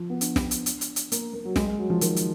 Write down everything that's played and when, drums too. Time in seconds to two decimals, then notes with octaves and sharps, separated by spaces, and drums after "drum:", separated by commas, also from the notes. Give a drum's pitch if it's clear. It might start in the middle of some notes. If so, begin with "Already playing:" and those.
Already playing: F3
0.10 B3
0.21 D4, drum: hi-hat
0.36 drum: snare
0.51 drum: hi-hat
0.66 drum: hi-hat
0.81 drum: hi-hat
0.96 drum: hi-hat
1.12 A#3, drum: hi-hat
1.33 A#3
1.45 F#3
1.56 G#3, drum: snare
1.67 G#3
1.79 F#3
1.90 F3
2.01 D#3, drum: hi-hat
2.16 drum: hi-hat